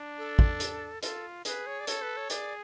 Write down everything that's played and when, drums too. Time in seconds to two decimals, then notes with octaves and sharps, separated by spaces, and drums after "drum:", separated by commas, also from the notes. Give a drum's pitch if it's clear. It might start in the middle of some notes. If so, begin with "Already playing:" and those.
Already playing: D4
0.18 A4
0.39 drum: kick
0.60 drum: hi-hat
1.03 F4 A4, drum: hi-hat
1.45 G#4 B4, drum: hi-hat
1.66 C#5
1.80 D5
1.87 A4 C#5, drum: hi-hat
2.02 B4
2.17 C#5
2.30 G#4 D5, drum: hi-hat